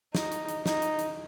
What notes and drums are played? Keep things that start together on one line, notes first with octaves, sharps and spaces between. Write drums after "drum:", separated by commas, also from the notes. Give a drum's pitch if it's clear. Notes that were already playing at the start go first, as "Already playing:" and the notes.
D#4, drum: snare
drum: hi-hat
drum: hi-hat
D#4, drum: snare
drum: hi-hat
drum: hi-hat